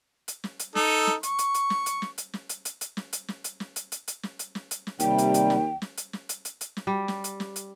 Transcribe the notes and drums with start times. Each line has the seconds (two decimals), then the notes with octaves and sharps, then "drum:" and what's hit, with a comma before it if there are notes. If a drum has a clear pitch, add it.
0.28 drum: hi-hat
0.44 drum: snare
0.59 drum: hi-hat
0.75 D#4 A4, drum: snare
1.07 drum: snare
1.23 C#6, drum: hi-hat
1.39 drum: hi-hat
1.54 drum: hi-hat
1.70 drum: snare
1.86 drum: hi-hat
2.02 drum: snare
2.18 drum: hi-hat
2.33 drum: snare
2.49 drum: hi-hat
2.65 drum: hi-hat
2.81 drum: hi-hat
2.97 drum: snare
3.13 drum: hi-hat
3.28 drum: snare
3.44 drum: hi-hat
3.60 drum: snare
3.76 drum: hi-hat
3.92 drum: hi-hat
4.08 drum: hi-hat
4.23 drum: snare
4.39 drum: hi-hat
4.55 drum: snare
4.71 drum: hi-hat
4.87 drum: snare
5.00 D#2 C3 G3 G5, drum: hi-hat
5.18 drum: hi-hat
5.34 drum: hi-hat
5.50 drum: snare
5.82 drum: snare
5.97 drum: hi-hat
6.13 drum: snare
6.29 drum: hi-hat
6.45 drum: hi-hat
6.61 drum: hi-hat
6.77 drum: snare
6.87 G3
7.08 drum: snare
7.24 drum: hi-hat
7.40 drum: snare
7.56 drum: hi-hat